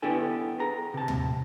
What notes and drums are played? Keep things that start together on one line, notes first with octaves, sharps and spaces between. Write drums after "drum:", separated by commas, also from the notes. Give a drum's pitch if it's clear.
B3 D4 E4 G4 A4 G#5
G#4 A#5
C3 A5
drum: tom